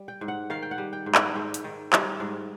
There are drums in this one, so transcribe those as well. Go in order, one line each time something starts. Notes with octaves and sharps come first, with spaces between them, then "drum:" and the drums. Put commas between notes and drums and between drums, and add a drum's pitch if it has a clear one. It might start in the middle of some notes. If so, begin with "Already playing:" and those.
Already playing: G3
G5
G#2
F#5
D#3 F5
G5
F#5
G3
G5
G#2
F#5, drum: clap
G#2 G5
drum: hi-hat
D#3
G3, drum: clap
G#2